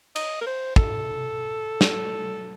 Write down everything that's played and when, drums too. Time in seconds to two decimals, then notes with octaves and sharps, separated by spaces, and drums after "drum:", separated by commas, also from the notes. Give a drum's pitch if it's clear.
0.16 D#5, drum: cymbal
0.41 A#4
0.47 C5
0.76 A4, drum: kick
1.81 drum: snare